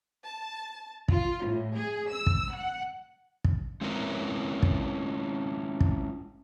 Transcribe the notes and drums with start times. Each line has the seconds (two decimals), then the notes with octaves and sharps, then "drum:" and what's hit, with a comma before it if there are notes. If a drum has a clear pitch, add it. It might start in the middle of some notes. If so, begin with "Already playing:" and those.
0.24 A5
1.08 F4, drum: kick
1.44 A2
1.75 G#4
2.10 E6
2.26 drum: kick
2.53 F#5
3.44 drum: kick
3.81 G#3 C4 C#4 E4 A#4 B4
4.62 drum: kick
5.81 drum: kick